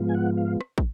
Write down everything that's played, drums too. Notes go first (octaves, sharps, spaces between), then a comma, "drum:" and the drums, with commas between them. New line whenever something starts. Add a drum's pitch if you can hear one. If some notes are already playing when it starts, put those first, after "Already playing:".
Already playing: G#2 F3 G#3 B3 F4
G#5
F#5
F5
drum: rim click
drum: kick